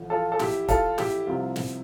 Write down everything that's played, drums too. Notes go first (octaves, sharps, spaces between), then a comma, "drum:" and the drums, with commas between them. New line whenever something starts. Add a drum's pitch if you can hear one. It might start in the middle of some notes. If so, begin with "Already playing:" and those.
Already playing: A1 A2 F3
F4 A4
A4
E4 G4, drum: snare
F4 A4, drum: kick, hi-hat
E4 G4, drum: snare
C2 C3 F3 C4 E4 F4
drum: snare